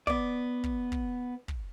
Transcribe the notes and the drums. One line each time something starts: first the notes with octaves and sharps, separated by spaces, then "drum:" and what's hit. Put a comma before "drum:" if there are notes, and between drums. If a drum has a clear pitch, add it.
B3 D5, drum: kick
drum: kick
drum: kick
drum: kick